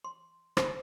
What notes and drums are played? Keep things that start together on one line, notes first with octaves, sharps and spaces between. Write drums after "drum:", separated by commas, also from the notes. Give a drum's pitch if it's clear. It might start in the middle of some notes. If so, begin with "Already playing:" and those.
C6
C5, drum: rim click